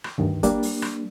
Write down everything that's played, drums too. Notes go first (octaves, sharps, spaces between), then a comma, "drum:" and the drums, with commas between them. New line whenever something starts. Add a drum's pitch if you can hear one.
drum: rim click
D2 G2 D#3
G3 A#3 D4, drum: kick, hi-hat
drum: open hi-hat
drum: rim click